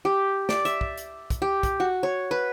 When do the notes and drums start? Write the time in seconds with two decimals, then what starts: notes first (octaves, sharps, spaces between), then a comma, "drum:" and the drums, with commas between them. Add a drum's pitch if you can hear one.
0.05 G4
0.49 D5, drum: snare
0.65 E5, drum: hi-hat
0.81 drum: kick
0.98 drum: hi-hat
1.30 drum: kick, hi-hat
1.42 G4
1.63 drum: kick, hi-hat
1.80 F#4
2.03 C#5
2.31 B4